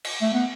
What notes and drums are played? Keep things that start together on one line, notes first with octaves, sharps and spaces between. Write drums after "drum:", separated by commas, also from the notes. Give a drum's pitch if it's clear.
drum: cymbal
A3
B3